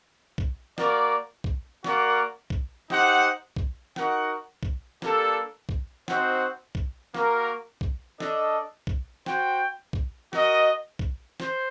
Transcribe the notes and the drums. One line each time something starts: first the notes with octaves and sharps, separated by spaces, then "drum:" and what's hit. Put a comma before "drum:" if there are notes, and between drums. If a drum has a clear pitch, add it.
drum: kick
A#3 F#4 A#4 D5, drum: snare
drum: kick
A#3 F#4 A#4 D5 F#5, drum: snare
drum: kick
D#4 G4 C5 F#5, drum: snare
drum: kick
D#4 F#4 A#4 F#5, drum: snare
drum: kick
G3 A#3 D4 A4, drum: snare
drum: kick
C4 D#4 F#4 C5 F#5, drum: snare
drum: kick
A#3 F#4 A#4, drum: snare
drum: kick
D4 A4 D#5, drum: snare
drum: kick
F#4 C5 G5, drum: snare
drum: kick
F#4 A#4 D#5, drum: snare
drum: kick
C5, drum: snare